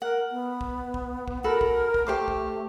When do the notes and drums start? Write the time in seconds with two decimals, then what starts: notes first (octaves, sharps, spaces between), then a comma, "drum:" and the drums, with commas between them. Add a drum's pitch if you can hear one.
0.02 A#4 F#5
0.31 B3
0.61 drum: kick
0.94 drum: kick
1.28 drum: kick
1.44 F#4 A4 A#4 B5
1.61 drum: kick
1.94 drum: kick
2.07 A3 G4 C5 D6
2.28 drum: kick